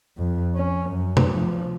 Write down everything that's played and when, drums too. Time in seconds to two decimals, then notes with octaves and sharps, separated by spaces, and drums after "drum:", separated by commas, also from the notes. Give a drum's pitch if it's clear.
0.18 F2
0.55 C#4
0.90 F#2
1.17 drum: tom C3
1.32 F3